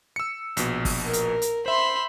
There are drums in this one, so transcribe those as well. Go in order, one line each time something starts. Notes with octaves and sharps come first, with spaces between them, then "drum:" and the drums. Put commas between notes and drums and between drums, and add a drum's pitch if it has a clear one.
E6 C#7
A#1 B2, drum: hi-hat
drum: kick, open hi-hat
A#4
drum: hi-hat
drum: hi-hat
C5 E5 B5 C6